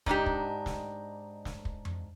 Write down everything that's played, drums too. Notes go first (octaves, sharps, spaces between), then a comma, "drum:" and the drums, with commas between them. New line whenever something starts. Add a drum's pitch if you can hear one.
G#2 D4 D#4 G4, drum: kick
drum: kick
drum: snare
drum: snare
drum: kick
drum: tom F2